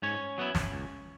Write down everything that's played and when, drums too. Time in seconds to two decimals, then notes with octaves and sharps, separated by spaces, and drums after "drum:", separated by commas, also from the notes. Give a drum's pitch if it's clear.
0.02 G#2 C#4 C#5
0.38 F#3 B3 E4
0.55 drum: snare
0.72 C#2